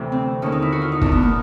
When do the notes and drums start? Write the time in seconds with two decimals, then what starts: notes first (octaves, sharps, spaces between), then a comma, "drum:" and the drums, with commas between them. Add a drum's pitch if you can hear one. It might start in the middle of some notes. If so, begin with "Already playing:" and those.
Already playing: D2 C3 E3
0.12 C4
0.42 D#2 D3 C#4
0.52 D#4
0.62 E4
0.72 F#4
0.82 F4
0.92 D#4
1.01 E2 B2 D4, drum: kick
1.12 B3
1.23 A#3